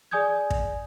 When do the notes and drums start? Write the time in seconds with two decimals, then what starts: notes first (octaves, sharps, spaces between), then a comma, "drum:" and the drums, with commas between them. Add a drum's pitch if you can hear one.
0.11 G#4 D5 G#5 D#6 G6 G#6
0.50 drum: kick